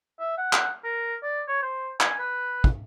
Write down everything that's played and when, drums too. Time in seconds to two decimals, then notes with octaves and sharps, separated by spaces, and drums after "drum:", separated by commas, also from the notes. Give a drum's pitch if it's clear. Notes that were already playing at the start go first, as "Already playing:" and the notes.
0.20 E5
0.38 F#5
0.53 drum: clap
0.84 A#4
1.23 D5
1.48 C#5
1.63 C5
2.00 G#5, drum: clap
2.19 B4
2.64 drum: kick